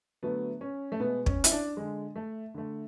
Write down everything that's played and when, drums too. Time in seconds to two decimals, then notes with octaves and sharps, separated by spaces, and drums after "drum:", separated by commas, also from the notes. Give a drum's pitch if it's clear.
0.23 D3 F#3 A3 B3
0.61 C#4
0.92 A3
1.00 B2 G#3 B3
1.26 C#4, drum: kick
1.44 E4, drum: hi-hat
1.52 D4
1.77 D3 G#3
2.16 A3
2.54 D3 A3